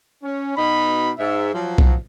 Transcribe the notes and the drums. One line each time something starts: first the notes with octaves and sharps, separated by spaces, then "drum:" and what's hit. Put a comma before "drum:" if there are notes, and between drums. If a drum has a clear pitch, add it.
C#4
B2 D#4 B5
G#2 E5
F3 F#3
drum: kick B1